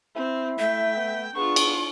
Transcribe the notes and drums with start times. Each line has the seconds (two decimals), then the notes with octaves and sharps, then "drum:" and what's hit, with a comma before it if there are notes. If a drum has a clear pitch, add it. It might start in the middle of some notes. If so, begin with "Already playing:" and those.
0.16 C4 E4
0.59 A3 E5 G5
0.96 B3
1.36 B3 D4 F4 G#4 C#6
1.56 drum: cymbal